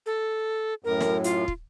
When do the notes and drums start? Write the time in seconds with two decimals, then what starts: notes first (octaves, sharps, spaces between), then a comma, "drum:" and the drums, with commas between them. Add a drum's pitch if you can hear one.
0.06 A4
0.84 F#2 A2 A#4
1.00 drum: snare
1.24 F4, drum: hi-hat
1.48 drum: kick